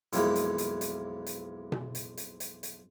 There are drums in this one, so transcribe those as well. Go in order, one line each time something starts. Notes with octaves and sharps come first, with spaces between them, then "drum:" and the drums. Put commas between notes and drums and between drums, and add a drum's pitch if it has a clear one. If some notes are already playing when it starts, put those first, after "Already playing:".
B1 F2 E3 G#3 A#3, drum: hi-hat
drum: hi-hat
drum: hi-hat
drum: hi-hat
drum: hi-hat
drum: tom B2
drum: hi-hat
drum: hi-hat
drum: hi-hat
drum: hi-hat